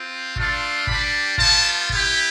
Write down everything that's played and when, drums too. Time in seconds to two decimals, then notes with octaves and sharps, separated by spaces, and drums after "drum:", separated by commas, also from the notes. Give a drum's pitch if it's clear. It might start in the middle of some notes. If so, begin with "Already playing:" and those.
Already playing: C4 F4
0.36 A3 D4 F4, drum: kick
0.87 G3 D4 G4 B5, drum: kick
1.38 G3 B3 F4 A5, drum: kick
1.89 B3 E4 G4, drum: kick